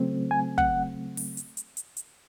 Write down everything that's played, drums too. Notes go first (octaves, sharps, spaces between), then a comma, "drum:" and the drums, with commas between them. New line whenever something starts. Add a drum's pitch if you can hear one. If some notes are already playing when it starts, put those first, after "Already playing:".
Already playing: C#3 F#3 A3 C4
G#5
F#5, drum: kick
drum: open hi-hat
drum: hi-hat
drum: hi-hat
drum: hi-hat
drum: hi-hat